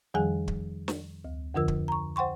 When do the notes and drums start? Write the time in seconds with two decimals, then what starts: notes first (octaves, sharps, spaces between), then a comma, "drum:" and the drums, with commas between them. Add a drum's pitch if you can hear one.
0.14 F2 D#3 F3 G3 G#4 G#5
0.48 drum: kick
0.88 drum: snare
1.25 D2
1.55 F2 D3 F3 F4 A#4 E6
1.68 drum: kick
1.88 A#5 C#6
2.16 C5 F#5 G5 C6 C#6